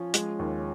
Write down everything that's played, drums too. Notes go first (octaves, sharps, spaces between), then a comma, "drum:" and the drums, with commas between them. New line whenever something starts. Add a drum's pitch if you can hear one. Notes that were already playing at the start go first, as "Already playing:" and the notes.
Already playing: F3 C#4
G#3, drum: hi-hat
D#2